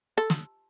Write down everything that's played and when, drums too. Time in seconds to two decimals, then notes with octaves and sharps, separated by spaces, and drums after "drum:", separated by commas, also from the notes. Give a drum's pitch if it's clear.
0.18 A4
0.30 drum: snare